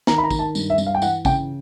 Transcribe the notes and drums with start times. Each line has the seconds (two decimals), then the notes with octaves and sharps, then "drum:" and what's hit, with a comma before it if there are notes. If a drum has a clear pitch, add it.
0.07 D#3 A#5, drum: snare
0.18 B5
0.24 A#5
0.31 D#3, drum: kick A1, tambourine
0.39 A5
0.55 G2, drum: tambourine
0.70 E5
0.78 G2, drum: tambourine
0.86 F5
0.95 G5
1.02 E3 F#5, drum: tambourine
1.25 C#3 G5, drum: kick A1, tambourine